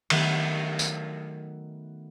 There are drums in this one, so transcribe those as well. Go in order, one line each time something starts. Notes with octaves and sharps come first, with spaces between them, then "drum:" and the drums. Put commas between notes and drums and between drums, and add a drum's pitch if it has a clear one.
D#3 F#3 A3 B3, drum: cymbal
drum: tambourine